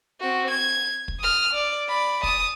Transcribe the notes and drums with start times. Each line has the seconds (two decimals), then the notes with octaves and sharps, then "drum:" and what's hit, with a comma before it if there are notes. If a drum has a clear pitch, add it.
0.20 C4 F#4
0.50 G#6
1.08 drum: kick
1.20 D#6 F6
1.53 D5
1.88 D5 B5
2.23 A5 D#6, drum: kick